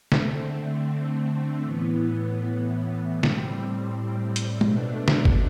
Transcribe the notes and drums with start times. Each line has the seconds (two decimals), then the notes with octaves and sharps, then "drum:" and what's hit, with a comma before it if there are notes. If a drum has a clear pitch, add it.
0.12 D3 A3 C4, drum: snare
1.62 A2 E3 B3
3.12 A2 G3 C4
3.23 drum: snare
4.36 drum: hi-hat
4.61 B2 A3 D4, drum: tom G#3
5.08 drum: snare
5.25 drum: kick G1